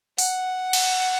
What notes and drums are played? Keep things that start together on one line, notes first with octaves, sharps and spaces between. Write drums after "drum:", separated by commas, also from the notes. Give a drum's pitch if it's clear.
F#5, drum: open hi-hat
drum: cymbal